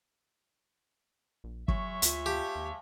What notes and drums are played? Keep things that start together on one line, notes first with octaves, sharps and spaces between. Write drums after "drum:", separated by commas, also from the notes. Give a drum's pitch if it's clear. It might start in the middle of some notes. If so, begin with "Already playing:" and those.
A#1
F#3 G#3 C#5 E5 C#6, drum: kick
D2 F4 B6, drum: hi-hat
G4 F5 A5 D6
D#2